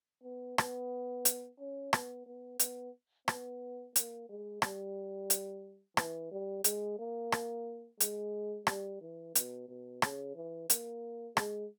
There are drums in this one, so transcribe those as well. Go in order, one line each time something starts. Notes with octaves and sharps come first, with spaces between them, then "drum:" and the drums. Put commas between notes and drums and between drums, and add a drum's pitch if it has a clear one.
B3
B3, drum: rim click
drum: hi-hat
C#4
B3, drum: rim click
B3
B3, drum: hi-hat
B3, drum: rim click
A#3, drum: hi-hat
G#3
G3, drum: rim click
drum: hi-hat
E3, drum: rim click
G3
G#3, drum: hi-hat
A#3
drum: rim click
G#3, drum: hi-hat
G3, drum: rim click
E3
B2, drum: hi-hat
B2
C#3, drum: rim click
E3
A#3, drum: hi-hat
G#3, drum: rim click